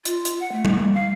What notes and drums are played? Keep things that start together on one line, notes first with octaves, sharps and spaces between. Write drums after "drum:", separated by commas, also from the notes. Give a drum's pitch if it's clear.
F4, drum: hi-hat
drum: hi-hat
F#5
A3
drum: tom G3
A#3
F5